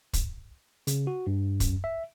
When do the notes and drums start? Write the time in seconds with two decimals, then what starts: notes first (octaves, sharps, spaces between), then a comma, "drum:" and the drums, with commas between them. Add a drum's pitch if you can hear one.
0.13 drum: kick, hi-hat
0.87 C#3, drum: hi-hat
1.07 F#4
1.27 G2
1.60 F#2, drum: kick, hi-hat
1.84 E5